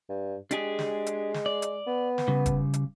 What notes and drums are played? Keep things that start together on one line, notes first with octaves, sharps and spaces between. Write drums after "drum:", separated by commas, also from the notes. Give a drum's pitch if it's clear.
G2
G#3 D4 G4 G#4, drum: hi-hat
drum: snare
drum: hi-hat
drum: snare
D5
drum: hi-hat
B3
drum: snare
C#3 G3
drum: kick E1, hi-hat
drum: hi-hat